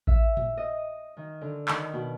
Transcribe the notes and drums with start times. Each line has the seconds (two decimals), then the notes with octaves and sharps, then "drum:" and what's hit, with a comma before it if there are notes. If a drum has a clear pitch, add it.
0.07 E5, drum: kick A1
0.37 drum: tom A2
0.57 D#5
1.17 D#3
1.41 D3
1.68 D#3, drum: clap
1.93 B2